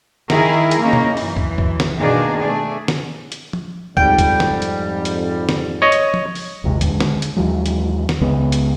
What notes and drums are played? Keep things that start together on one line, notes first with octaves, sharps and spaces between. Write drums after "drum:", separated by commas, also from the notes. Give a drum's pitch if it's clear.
D#3 E4 G#4 A#4, drum: snare
drum: hi-hat
A#3 C#4 D#4
drum: tom
F#2 E3, drum: open hi-hat
drum: kick
drum: kick
drum: snare
B2 D#3 A#3 D4 G#4
A3 D4 G#4
drum: snare
drum: hi-hat
drum: tom
F2 G#2 G3 G5, drum: kick
drum: kick, hi-hat
drum: snare
drum: hi-hat
drum: hi-hat
drum: snare
C#5 D#5
drum: hi-hat
drum: tom
drum: open hi-hat
A1 D#2 C3 G#3
D3 G#3, drum: kick, hi-hat
drum: snare
drum: hi-hat
D#2 E3 F#3 G#3
drum: hi-hat
drum: snare
C#2 C#3 G#3 B3
drum: hi-hat